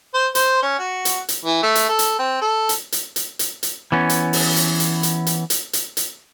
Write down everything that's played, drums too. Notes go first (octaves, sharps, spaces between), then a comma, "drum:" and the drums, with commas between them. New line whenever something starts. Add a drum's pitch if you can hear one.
C5
C5, drum: hi-hat
C#4
F#4
drum: hi-hat
drum: hi-hat
E3
A3
drum: hi-hat
A4
drum: hi-hat
C4
A4
drum: hi-hat
drum: hi-hat
drum: hi-hat
drum: hi-hat
drum: hi-hat
E3 B3 C#4
drum: hi-hat
drum: open hi-hat
drum: hi-hat
drum: hi-hat
drum: hi-hat
drum: hi-hat
drum: hi-hat
drum: hi-hat
drum: hi-hat